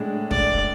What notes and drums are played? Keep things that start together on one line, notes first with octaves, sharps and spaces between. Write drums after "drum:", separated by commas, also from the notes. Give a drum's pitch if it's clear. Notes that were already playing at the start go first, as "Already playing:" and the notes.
Already playing: A2 G#3 D4
D5, drum: kick